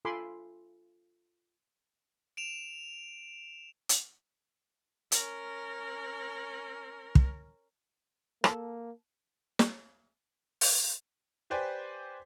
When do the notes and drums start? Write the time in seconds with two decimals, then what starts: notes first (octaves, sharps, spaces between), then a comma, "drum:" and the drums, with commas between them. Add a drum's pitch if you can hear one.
0.05 F4 A4 G#5 B5 C6 D6
2.37 D7 E7 F7
3.89 drum: hi-hat
5.12 C#4 A#4, drum: hi-hat
7.15 drum: kick
8.44 A#3 A4, drum: rim click
9.59 drum: snare
10.61 drum: open hi-hat
11.50 G4 B4 C5 D5 G5 G#5